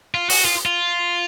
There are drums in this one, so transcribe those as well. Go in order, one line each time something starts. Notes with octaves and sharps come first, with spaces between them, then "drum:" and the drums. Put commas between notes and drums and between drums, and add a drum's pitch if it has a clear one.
F4
F#4, drum: open hi-hat
F4
F4